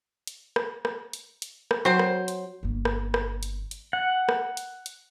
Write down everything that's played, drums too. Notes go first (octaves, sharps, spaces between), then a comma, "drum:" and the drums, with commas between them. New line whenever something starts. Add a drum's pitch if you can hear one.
drum: hi-hat
drum: rim click
drum: rim click
drum: hi-hat
drum: hi-hat
drum: rim click
F#3 C4 C5
drum: rim click
drum: hi-hat
G1 A#3
drum: rim click
drum: rim click
drum: hi-hat
drum: hi-hat
F#5
drum: rim click
drum: hi-hat
drum: hi-hat